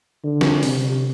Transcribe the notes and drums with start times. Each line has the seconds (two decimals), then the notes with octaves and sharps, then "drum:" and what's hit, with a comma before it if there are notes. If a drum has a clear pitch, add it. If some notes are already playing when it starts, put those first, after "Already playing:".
0.24 D3
0.41 drum: snare
0.63 C3, drum: open hi-hat